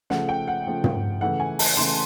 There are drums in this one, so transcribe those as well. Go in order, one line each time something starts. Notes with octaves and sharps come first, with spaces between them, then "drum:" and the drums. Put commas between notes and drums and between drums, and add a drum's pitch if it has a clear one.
C#3 F3 A3 F#5, drum: snare
G5
F#5
C#3 F3 A3
drum: tom
C#3 E3 A3 F#5
G#5
A5, drum: open hi-hat
C#3 E3 A3 C6